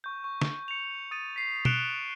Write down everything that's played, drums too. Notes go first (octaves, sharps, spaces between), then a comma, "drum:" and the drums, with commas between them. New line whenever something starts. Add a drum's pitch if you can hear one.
C#6 G6
C#6
drum: snare
C#7 F7
D#6 A6 D#7
B6 C7
F#6 C#7 D7 E7 F7 G7, drum: tom B2